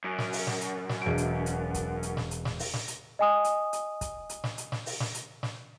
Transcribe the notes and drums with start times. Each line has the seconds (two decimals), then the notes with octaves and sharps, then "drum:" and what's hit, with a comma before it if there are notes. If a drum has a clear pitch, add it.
0.04 F#2
0.18 drum: snare
0.33 drum: open hi-hat
0.47 drum: snare
0.61 drum: hi-hat
0.89 drum: snare
1.02 E1 D7
1.18 drum: hi-hat
1.46 drum: hi-hat
1.74 drum: kick, hi-hat
2.03 drum: hi-hat
2.17 drum: snare
2.31 drum: hi-hat
2.45 drum: snare
2.59 drum: open hi-hat
2.74 drum: snare
2.88 drum: hi-hat
3.19 D#5 G#5 D#6
3.44 drum: hi-hat
3.73 drum: hi-hat
4.01 drum: kick, hi-hat
4.29 drum: hi-hat
4.44 drum: snare
4.58 drum: hi-hat
4.72 drum: snare
4.86 drum: open hi-hat
5.00 drum: snare
5.14 drum: hi-hat
5.43 drum: snare